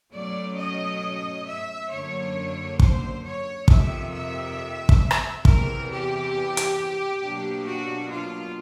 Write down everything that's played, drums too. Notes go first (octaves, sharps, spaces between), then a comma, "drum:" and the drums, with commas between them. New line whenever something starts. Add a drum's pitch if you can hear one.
B2 F#3 A3 C#4 D5
D#5
E5
F#2 D3 F#3 A#3 C#5
C5, drum: kick
C#5
F2 C3 D#3 E5, drum: kick
E5
drum: kick
drum: rim click
E2 C3 E3 A#4, drum: kick
G4
drum: hi-hat
B2 F#3 A#3 D4
F#4
F4